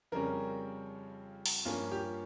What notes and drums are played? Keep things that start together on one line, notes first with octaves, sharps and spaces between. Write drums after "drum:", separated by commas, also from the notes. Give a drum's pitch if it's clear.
F2 C#3 G3 C#4 A#4
drum: open hi-hat
G2 F3 A#3 C#4 F4
G4